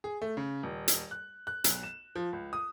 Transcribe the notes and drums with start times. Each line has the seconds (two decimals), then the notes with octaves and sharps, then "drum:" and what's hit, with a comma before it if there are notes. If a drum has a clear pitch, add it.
0.04 G#4
0.22 A3
0.37 C#3
0.63 D#1
0.88 drum: hi-hat
1.11 F#6
1.47 F#6
1.64 B1, drum: hi-hat
1.83 E7
2.16 F3
2.33 C#2
2.53 D#6